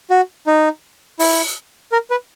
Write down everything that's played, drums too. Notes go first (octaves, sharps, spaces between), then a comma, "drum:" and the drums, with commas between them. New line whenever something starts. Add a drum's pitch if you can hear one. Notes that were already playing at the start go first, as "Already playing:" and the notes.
F#4
D#4
E4, drum: open hi-hat
A#4
B4